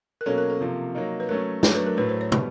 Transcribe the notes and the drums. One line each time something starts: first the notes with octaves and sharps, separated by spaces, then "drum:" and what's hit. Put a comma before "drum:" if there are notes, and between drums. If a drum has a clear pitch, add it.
A#4
B2 F#3 A#3 C#4 A4
A#4
A4
C3 F3 A#3
F#3 A#3 D#4
B4
F#3 A3 C#4 A#4
F#3 A3 D4 C#5, drum: snare
B4
A#4
A2 F#3 A3 B4
C5
C#5
B2 G3 B3, drum: tom